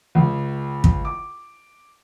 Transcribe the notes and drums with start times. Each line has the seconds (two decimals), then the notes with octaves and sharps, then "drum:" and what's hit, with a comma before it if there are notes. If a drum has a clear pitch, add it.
0.15 C#2
0.84 drum: kick
1.05 D6